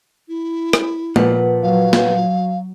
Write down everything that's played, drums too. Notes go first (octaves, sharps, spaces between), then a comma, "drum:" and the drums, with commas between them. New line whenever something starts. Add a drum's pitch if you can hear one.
E4
drum: rim click
A#2 F3 B4 F#5, drum: tom
F#3 F5
drum: snare